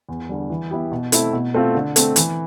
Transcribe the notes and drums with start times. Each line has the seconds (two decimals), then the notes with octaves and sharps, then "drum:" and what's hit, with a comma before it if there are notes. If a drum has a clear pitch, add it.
0.09 E2
0.29 D3 G3
0.50 E3
0.71 B3 E4 G4
0.92 B2
1.12 A3 C4 E4, drum: hi-hat
1.33 B2
1.54 A3 C4 F4
1.75 D3
1.96 A3 C4, drum: hi-hat
2.16 E3, drum: hi-hat